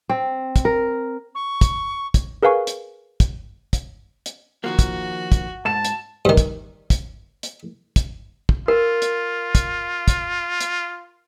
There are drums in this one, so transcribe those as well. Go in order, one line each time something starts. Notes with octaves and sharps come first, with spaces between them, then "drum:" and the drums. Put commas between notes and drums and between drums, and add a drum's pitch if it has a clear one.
C4
drum: kick, hi-hat
A#4
C#6
drum: kick, hi-hat
drum: kick, hi-hat
G#4 A#4 B4 F5 G#5 C#6
drum: hi-hat
drum: kick, hi-hat
drum: kick, hi-hat
drum: hi-hat
D#3 F3 A#3 F#4
drum: kick, hi-hat
drum: kick, hi-hat
G#2 A5 A6 E7
drum: hi-hat
G2 D#3
drum: kick, hi-hat
drum: kick, hi-hat
drum: hi-hat
drum: kick, hi-hat
drum: kick
F4 A#4
drum: hi-hat
drum: kick, hi-hat
drum: kick, hi-hat
drum: hi-hat